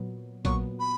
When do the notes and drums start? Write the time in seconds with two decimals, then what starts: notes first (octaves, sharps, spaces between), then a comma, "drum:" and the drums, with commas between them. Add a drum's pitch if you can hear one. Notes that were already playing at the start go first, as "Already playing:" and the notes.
Already playing: A#2 F#3 B3
0.45 A#2 F#3 B3 C#6, drum: kick A#1, hi-hat
0.79 B5